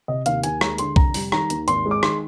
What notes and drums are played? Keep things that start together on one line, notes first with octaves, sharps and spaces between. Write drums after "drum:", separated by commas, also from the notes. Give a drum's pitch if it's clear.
C3 D#5
D#2 F5, drum: hi-hat
D#2 G#5, drum: hi-hat
G#3 A#5, drum: rim click
D3 C6, drum: hi-hat
F1 A#5, drum: kick B1
G3, drum: open hi-hat
D#3 A#5, drum: rim click
D#2, drum: hi-hat
G#1 C6, drum: hi-hat
G#3
D6
D#3 C6, drum: rim click